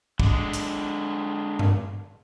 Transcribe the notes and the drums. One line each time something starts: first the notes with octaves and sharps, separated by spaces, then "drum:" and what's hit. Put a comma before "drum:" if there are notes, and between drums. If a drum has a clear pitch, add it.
D3 G#3, drum: kick
drum: hi-hat
drum: tom G2